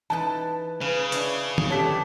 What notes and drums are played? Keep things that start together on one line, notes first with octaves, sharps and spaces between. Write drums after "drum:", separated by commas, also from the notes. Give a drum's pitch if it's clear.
E3 D#4 B4 A5
C#3 B4 F5
D4 E4 C#5, drum: hi-hat
drum: tom D#3
D3 E3 G4 C#5 A5 B6